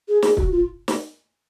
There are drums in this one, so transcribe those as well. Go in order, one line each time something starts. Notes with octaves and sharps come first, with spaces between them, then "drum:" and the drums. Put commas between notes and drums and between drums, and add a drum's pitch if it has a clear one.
G#4
G#4, drum: snare
F#4, drum: kick
F4
drum: snare